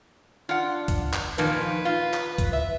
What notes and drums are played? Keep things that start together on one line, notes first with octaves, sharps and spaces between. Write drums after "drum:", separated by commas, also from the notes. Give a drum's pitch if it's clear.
D4 F4 F#5
drum: kick C#2, hi-hat
drum: clap
A#2 D#3 F3 B4, drum: hi-hat
F4
drum: clap
drum: kick C#2, hi-hat
E5